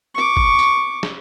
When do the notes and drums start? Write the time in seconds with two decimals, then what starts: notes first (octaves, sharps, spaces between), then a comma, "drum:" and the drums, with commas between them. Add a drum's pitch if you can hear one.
0.15 C#6 D6
0.37 drum: kick
0.59 drum: tambourine
1.03 drum: snare